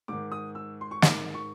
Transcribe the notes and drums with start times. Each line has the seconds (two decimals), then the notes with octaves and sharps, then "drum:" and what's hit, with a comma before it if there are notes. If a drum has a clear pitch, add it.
0.08 G#2 D#3 D6
0.32 D#6
0.55 E6
0.81 C6
0.91 C#6
1.02 G#2 D#3 D6, drum: snare
1.34 C#6